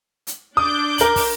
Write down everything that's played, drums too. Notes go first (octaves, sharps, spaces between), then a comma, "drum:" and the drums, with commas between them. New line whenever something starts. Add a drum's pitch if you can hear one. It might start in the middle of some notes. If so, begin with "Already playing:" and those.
drum: hi-hat
D4 D6 D#6 G6
A#4 F#7, drum: hi-hat
drum: kick, open hi-hat